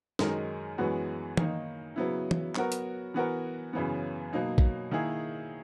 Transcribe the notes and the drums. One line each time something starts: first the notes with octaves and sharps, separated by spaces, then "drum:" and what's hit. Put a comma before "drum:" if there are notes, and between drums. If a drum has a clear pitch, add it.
F#2 D#3 G#3 D#4 A#4, drum: snare
F#2 E3 G#3 B3 F#4
D#3 A#3 D#4, drum: tom E3
C#3 F#3 B3 E4
drum: tom E3
F#3 B3 F#4 A#4, drum: clap
drum: hi-hat
E3 B3 F#4 A#4
F#2 C#3 E3 B3
B2 F#3 A#3 D#4
drum: kick
D#3 A#3 E4 G#4